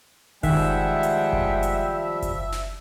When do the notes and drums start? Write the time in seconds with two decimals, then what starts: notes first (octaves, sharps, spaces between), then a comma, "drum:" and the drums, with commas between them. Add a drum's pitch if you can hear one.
0.43 D#3 F3 G3 G#3 E5 F#5 G5, drum: kick F#1, open hi-hat
1.03 drum: hi-hat
1.33 drum: kick F#1
1.63 drum: hi-hat
2.22 drum: kick F#1, hi-hat
2.52 drum: snare